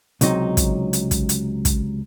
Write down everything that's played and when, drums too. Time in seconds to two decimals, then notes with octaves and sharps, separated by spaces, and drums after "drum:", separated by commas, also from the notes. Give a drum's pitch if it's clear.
0.21 C#2 C3 F#3 D#4, drum: hi-hat
0.57 drum: kick, hi-hat
0.93 drum: hi-hat
1.11 drum: kick, hi-hat
1.29 drum: hi-hat
1.65 drum: kick, hi-hat